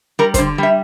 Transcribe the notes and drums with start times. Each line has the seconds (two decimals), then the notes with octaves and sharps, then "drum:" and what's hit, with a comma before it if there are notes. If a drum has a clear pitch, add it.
0.19 G3 A#4
0.34 C5, drum: kick, hi-hat
0.38 D3
0.58 G3 E5